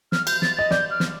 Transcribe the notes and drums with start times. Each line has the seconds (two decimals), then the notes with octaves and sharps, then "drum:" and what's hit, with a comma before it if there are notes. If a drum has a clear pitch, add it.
0.12 F6, drum: snare
0.27 G6, drum: cymbal
0.42 A6, drum: snare
0.57 D#5 A6
0.71 D5 G6, drum: snare
0.91 F6
1.00 drum: snare